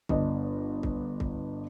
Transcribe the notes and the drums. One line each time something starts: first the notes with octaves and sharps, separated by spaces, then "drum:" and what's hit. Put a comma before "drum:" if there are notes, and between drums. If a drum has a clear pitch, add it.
G1 D4 D#5, drum: kick C2
drum: kick C2
drum: kick C2